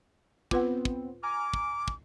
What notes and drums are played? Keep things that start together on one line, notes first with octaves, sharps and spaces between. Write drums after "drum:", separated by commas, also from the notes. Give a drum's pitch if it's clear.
B3 C4 F4 B4 F#5, drum: kick
drum: kick
G#5 A#5 D6 F6
drum: kick
drum: kick